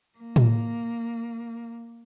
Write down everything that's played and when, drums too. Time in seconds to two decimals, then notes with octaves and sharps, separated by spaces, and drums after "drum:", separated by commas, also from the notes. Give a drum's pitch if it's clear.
0.18 A#3
0.36 drum: tom A2